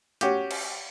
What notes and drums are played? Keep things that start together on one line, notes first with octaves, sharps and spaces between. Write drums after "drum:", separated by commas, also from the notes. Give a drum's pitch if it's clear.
C#4 F#4 G4, drum: hi-hat
drum: cymbal